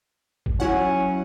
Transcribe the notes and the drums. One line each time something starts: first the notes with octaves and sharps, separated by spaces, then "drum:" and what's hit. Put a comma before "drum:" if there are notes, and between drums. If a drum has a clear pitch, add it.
drum: kick G1
F#3 C#4 E4 F#5